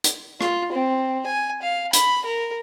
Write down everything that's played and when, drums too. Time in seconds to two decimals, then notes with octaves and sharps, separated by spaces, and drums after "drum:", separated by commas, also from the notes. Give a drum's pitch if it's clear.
0.04 drum: hi-hat
0.41 F4, drum: rim click
0.72 C4
1.26 G#5
1.62 F5
1.93 B5, drum: hi-hat
2.25 A#4